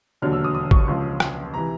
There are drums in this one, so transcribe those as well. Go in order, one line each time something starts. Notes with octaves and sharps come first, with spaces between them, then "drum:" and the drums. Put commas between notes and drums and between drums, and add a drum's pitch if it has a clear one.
E1 D#2 D3 F#3 F6
E6
D#6
D#6
C#6, drum: kick G#1
C#2 C#3 F3 C6
drum: rim click
C3 E3 A#5